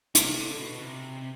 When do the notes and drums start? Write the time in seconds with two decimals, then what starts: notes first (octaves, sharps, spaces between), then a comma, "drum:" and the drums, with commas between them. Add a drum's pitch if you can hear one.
0.15 C3, drum: hi-hat
0.37 D3
0.58 B2
0.81 C3